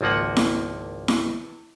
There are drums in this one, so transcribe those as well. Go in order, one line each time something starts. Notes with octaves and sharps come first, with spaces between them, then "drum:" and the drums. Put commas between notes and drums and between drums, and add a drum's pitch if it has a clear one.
G#1 C#2 F3 A#3 F#5
drum: snare E4
drum: snare E4